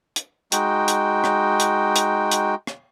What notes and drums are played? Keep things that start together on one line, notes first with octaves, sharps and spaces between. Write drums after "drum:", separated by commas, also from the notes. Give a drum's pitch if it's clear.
drum: hi-hat
G#3 D#4 F#4 G5, drum: hi-hat
drum: hi-hat
drum: rim click
drum: hi-hat
drum: hi-hat
drum: hi-hat
drum: rim click